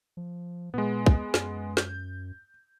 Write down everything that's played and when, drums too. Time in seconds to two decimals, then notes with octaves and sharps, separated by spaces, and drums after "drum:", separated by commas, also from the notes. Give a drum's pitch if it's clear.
0.17 F3
0.74 A#2 G#3 B3
1.06 drum: kick
1.34 F#2, drum: snare
1.77 G6, drum: snare